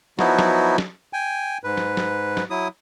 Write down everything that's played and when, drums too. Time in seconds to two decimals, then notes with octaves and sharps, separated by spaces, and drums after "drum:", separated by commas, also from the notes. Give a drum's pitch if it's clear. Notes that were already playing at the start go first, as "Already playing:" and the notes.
0.19 F3 F#3 B3 D#4 E4 F#4, drum: snare
0.39 drum: snare
0.78 drum: snare
1.13 G5 G#5
1.64 G#2 B4
1.77 drum: snare
1.97 drum: snare
2.37 drum: snare
2.50 F#3 E4 D#6